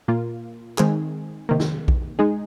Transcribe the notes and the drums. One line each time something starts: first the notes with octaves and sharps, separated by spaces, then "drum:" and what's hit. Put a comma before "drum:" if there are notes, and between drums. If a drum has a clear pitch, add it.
A#2 A#3 F4
D#3 G#3 C4 G#4, drum: clap
C3 D#3 A#3
drum: snare
drum: kick A#1
G#3 D#4 G#4